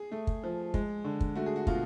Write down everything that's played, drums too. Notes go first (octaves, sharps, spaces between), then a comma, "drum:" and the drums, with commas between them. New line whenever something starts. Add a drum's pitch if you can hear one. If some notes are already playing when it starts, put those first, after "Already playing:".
Already playing: G#4
A3
drum: kick
F3
G#3, drum: kick
D3
drum: kick
A3 F#4
G#4
F#4
B2 F4, drum: kick